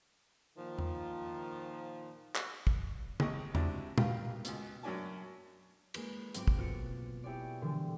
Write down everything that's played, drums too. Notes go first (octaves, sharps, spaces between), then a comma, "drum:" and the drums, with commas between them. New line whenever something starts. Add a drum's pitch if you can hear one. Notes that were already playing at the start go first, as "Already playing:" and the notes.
A#2 D#3 F3
drum: tom E2
drum: clap
drum: kick
G#1 G4 D#5 C#6, drum: tom
C3 G#3 D4 E4 F#4, drum: tom E2
F4 G4 A#4 B4 F5, drum: tom
C#2 B2, drum: hi-hat
F#2 F#3 C#4 D4 G#5 A5
G#3 A#3 B4, drum: cymbal
G#2 F#3 C4 F4 D6, drum: hi-hat
drum: kick
B2 F4 F6 F#6 A6 C#7
E4 G4 G#4 C#5 D5
A#2 D3 E3 F3 G3